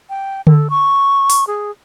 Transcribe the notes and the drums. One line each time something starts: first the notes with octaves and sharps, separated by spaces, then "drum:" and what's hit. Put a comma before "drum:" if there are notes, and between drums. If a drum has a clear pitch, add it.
G5
A4, drum: tom D3
C#6
drum: open hi-hat
G#4